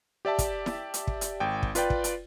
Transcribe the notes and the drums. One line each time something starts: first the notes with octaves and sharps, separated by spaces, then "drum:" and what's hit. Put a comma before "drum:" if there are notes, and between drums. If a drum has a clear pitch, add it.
G4 D5 E5 A5
drum: kick, hi-hat
drum: snare E4
drum: hi-hat
drum: kick
drum: hi-hat
G#1 G5
drum: kick
F4 B4 D5 G5, drum: hi-hat
drum: kick
drum: hi-hat